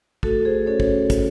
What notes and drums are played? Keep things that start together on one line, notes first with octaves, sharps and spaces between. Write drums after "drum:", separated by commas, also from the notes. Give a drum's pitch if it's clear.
A3 F#4 A4, drum: kick
G#4 C5
C#4 F#4 A4 C#5
C#5, drum: kick
drum: kick, hi-hat